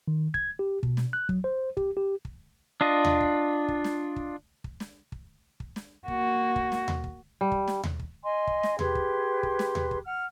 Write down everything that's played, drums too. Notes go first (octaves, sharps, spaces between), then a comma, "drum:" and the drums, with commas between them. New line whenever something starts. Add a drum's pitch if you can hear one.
D#3
G#6, drum: kick
G4
B2, drum: kick
drum: snare
F#6
F#3, drum: kick
C5
G4, drum: kick
G4
drum: kick
D4 F4 D#5
drum: tom D#2
drum: kick
drum: kick
drum: snare
drum: kick
drum: kick
drum: snare
drum: kick
drum: kick
drum: snare
A#3 F#4, drum: kick
drum: kick
drum: snare
drum: tom D#2
drum: kick
G3
drum: kick
drum: snare
drum: tom D#2
drum: kick
D#5 G#5 C6
drum: kick
drum: snare
G4 G#4 B4 C6, drum: tom D#2
drum: kick
drum: kick
drum: snare
drum: tom D#2
drum: kick
F#5 F6